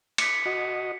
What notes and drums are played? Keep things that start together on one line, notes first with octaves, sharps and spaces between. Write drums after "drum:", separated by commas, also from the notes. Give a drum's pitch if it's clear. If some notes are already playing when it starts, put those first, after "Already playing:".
B6 C#7, drum: cymbal
F#4 D#5